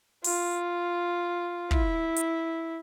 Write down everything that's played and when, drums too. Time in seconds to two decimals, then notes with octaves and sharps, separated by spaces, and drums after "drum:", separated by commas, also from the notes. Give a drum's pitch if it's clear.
0.24 F4, drum: open hi-hat
1.71 E4, drum: kick
2.16 drum: hi-hat